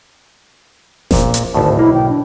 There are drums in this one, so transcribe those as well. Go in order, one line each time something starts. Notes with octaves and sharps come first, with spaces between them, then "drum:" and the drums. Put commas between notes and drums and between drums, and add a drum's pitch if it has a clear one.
A#1 A#2, drum: snare F1
drum: hi-hat
G#1 D2 A2 A5
B1 A#3 E4
G5
D4